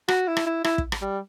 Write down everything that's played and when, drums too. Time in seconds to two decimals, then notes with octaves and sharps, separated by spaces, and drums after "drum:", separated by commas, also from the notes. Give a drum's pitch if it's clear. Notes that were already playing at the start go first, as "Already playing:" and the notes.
0.08 F#4, drum: rim click
0.28 E4
0.37 drum: rim click
0.46 E4
0.64 E4, drum: rim click
0.78 drum: kick
0.92 drum: rim click
1.02 G3